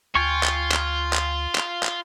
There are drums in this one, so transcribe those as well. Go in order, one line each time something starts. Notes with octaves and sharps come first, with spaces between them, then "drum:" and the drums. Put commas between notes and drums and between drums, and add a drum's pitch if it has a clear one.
D2 F4 G5 G#5 C#6
drum: clap
drum: clap
drum: clap
drum: clap
drum: clap